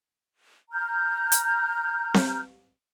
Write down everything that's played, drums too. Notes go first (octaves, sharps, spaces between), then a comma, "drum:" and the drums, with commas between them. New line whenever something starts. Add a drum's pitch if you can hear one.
A#5 F6 G6
drum: hi-hat
drum: snare C4